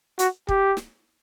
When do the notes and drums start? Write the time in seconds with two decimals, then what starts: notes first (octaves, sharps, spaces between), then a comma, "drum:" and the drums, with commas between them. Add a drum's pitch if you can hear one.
0.19 F#4, drum: hi-hat
0.49 G4, drum: kick
0.77 drum: snare